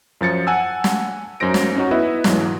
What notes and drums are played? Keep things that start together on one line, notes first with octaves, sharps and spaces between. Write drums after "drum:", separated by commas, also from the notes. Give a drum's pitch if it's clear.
F#2 F3 A6 C#7
F#5 G#5 A5 E6 A6
drum: snare
F#2 D#4 C5 A#6 D7
drum: snare
C#4 D#4 F#4
B3 E4 B4 D#5 E5
G#2 B2 E3 F#3, drum: snare